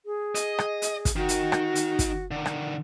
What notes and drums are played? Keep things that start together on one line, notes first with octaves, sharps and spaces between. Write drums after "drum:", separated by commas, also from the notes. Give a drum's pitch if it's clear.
G#4
D#5, drum: hi-hat
drum: rim click
drum: hi-hat
drum: kick, hi-hat
D#3 F#4
drum: hi-hat
drum: rim click
drum: hi-hat
drum: kick, hi-hat
D3 D#3
drum: rim click